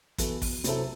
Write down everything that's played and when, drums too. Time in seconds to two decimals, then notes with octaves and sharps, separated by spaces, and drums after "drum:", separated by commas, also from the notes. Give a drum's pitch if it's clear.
0.18 E3 B3 F#4 A4, drum: kick, hi-hat
0.42 drum: kick, open hi-hat
0.64 C3 F#3 C4 E4 A4, drum: hi-hat